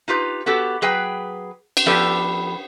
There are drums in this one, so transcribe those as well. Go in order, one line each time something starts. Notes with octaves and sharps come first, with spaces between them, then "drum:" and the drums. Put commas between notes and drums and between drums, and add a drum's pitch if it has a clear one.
D#4 F4 G4 B4
B3 F#4 G4 A4
F#3 G#4 B4 G5
drum: cymbal
F3 B3 G4 A4 B4 D5